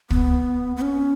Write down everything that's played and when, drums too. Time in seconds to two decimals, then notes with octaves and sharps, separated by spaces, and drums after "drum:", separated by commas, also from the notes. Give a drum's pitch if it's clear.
0.10 B3, drum: kick
0.76 B3
0.82 C#4